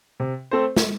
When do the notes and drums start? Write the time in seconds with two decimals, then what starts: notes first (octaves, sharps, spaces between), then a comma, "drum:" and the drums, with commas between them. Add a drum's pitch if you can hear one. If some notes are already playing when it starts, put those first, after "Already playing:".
0.20 C3
0.51 A3 C4 A4 C5
0.76 drum: snare